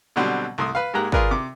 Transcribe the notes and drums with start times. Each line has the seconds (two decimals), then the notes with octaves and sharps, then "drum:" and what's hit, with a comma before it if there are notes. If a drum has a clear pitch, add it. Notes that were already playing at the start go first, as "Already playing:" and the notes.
0.16 B2 D3 F#3 G3 C4
0.58 C2 A3 C6 D#6
0.75 B4 F5
0.93 G#2 G#3 A#3 G4 A#5 F#6
1.12 F4 G#4 A#4 B4 D5, drum: kick
1.31 C3 D6